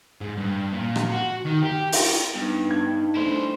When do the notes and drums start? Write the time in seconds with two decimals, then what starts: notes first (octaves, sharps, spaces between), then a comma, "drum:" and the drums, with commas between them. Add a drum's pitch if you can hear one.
0.21 G#2
0.38 G2
0.73 A#2
0.96 drum: rim click
1.12 F#4
1.46 D#3
1.63 G4
1.92 drum: open hi-hat
2.35 G2 B3 D#4
2.69 D4 G#6
3.16 A3 D4 E4 C5